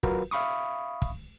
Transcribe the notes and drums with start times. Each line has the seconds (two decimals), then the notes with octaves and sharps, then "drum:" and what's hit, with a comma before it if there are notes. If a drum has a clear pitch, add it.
0.03 F#3 F4 F#4 A#4 B4, drum: kick
0.31 E5 F5 B5 C#6 D#6
1.02 drum: kick